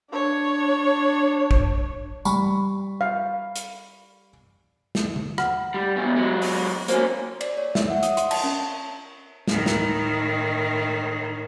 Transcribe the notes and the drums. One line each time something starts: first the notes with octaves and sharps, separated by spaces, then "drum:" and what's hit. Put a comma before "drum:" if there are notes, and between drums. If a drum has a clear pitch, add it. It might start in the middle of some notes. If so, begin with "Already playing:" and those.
D4 C#5
drum: kick
G3 B5 C#6, drum: tambourine
F5
drum: hi-hat
drum: snare
drum: tom D3
F#5 F6, drum: rim click
G3
E2 B2
F#3 G#3
drum: open hi-hat
A#3 C#4 F#4 C5, drum: hi-hat
D5, drum: cymbal
C#5
E5, drum: snare
F#5
D#6, drum: hi-hat
C6, drum: hi-hat
A5, drum: cymbal
C#4
A2 D#3, drum: snare
drum: snare